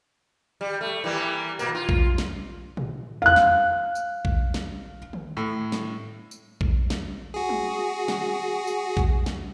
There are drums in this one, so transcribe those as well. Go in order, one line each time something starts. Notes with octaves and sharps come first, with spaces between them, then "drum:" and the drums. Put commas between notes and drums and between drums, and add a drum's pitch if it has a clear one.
G3
A3
E3 G3 A#3
A#2 A#3, drum: tambourine
F4
drum: kick
drum: snare
drum: tom A2
F5 F#6
drum: snare
drum: tambourine
drum: kick
drum: snare
drum: tom D3
A2
drum: snare
drum: tambourine
drum: kick
drum: snare
F#4 G#4
drum: tom
drum: snare
drum: tambourine
drum: kick
drum: snare